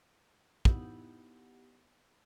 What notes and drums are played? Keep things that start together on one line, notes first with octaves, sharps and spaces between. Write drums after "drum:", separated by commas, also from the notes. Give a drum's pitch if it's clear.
B3 D#4 E4 G4 F#5, drum: kick